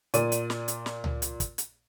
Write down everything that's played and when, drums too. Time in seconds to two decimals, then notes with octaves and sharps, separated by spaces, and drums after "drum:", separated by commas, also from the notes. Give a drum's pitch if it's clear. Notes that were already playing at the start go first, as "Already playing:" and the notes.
0.14 A#2 D5 D#7, drum: hi-hat
0.32 drum: hi-hat
0.50 drum: snare
0.68 drum: hi-hat
0.86 drum: snare
1.04 drum: tom C#2
1.22 drum: hi-hat
1.40 drum: kick, hi-hat
1.58 drum: hi-hat